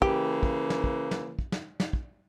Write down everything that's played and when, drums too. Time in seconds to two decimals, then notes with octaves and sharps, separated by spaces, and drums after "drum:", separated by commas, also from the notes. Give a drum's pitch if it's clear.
0.02 C#3 E3 A#3 G4, drum: kick
0.43 drum: kick
0.70 drum: snare
0.84 drum: kick
1.11 drum: snare
1.39 drum: kick
1.52 drum: snare
1.80 drum: snare
1.93 drum: kick